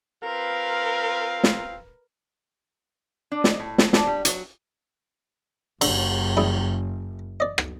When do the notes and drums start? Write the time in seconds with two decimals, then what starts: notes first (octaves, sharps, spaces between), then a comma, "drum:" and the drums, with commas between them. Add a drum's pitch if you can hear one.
0.24 C4 F4 A#4 B4 F5
1.44 drum: snare
3.32 D4
3.44 D#5, drum: snare
3.60 A2
3.78 drum: snare
3.93 D4, drum: snare
4.07 G3
4.25 F#3, drum: hi-hat
5.81 F#1 F#2 D3, drum: cymbal
6.37 G3 E4 G#4
7.40 D5 D#5
7.58 drum: rim click